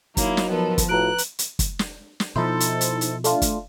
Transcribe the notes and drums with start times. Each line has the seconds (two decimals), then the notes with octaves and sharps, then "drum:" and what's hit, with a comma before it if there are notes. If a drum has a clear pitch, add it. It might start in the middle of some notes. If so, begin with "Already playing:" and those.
0.17 F#3 A#3 D#4 E4 C#5, drum: kick, hi-hat
0.37 drum: snare
0.49 F3 B3 A4 A#4
0.78 drum: kick, hi-hat
0.89 A2 F4 F#4 A4 B4 A#5 F#6 D7
1.18 drum: hi-hat
1.39 drum: hi-hat
1.59 drum: kick, hi-hat
1.79 drum: snare
2.20 drum: snare
2.36 B2 F3 D#4 E4 A4 C5
2.60 drum: hi-hat
2.81 drum: hi-hat
3.01 drum: hi-hat
3.24 A3 D4 F4, drum: hi-hat
3.42 drum: kick, hi-hat